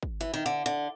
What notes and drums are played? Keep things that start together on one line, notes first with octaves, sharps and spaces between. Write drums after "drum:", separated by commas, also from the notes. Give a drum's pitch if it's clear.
drum: kick
E3
D#3
D3
D3